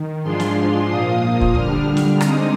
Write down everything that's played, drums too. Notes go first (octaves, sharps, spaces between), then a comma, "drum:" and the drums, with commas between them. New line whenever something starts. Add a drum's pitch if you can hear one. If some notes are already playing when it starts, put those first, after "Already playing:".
Already playing: D#3
G#2 F3 G#3 D4 F4 C6
drum: snare
A#2 F3 A#3 F4 D#6
drum: kick
D3 G3 D4 F6, drum: kick
drum: snare
D3 G#3 C4 D#4 D#6, drum: rim click